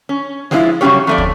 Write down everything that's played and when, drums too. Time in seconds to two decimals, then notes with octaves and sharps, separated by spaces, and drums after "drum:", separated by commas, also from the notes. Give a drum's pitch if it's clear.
0.09 C#4
0.51 F3 F#3 G#3 C#4 E4 F4, drum: snare
0.81 G2 C#3 F#3 C#4 G4 C#5
1.07 F2 A3 D5
1.18 drum: kick